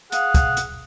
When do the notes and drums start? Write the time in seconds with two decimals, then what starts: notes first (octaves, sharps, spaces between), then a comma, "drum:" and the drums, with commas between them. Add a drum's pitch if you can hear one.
0.12 G#4 F5 F#5, drum: hi-hat
0.35 drum: kick, hi-hat
0.57 drum: hi-hat